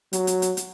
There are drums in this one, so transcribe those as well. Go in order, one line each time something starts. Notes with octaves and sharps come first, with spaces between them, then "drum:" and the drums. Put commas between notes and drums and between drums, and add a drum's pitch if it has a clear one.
F#3, drum: hi-hat
drum: hi-hat
drum: hi-hat
drum: hi-hat